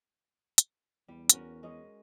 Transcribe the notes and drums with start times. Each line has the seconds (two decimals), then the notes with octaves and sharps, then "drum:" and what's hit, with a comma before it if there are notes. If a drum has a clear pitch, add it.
0.58 drum: hi-hat
1.08 E2 G3
1.30 C#4 F#4 A#4, drum: hi-hat
1.63 G#3 C#4 D#5